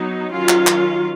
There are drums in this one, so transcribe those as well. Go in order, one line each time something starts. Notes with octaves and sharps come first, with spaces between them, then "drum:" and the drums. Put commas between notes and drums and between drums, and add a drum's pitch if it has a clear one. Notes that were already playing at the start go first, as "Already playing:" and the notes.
Already playing: F#3 B3 D#4
D#3 F#3 C#4 F4
drum: clap
drum: clap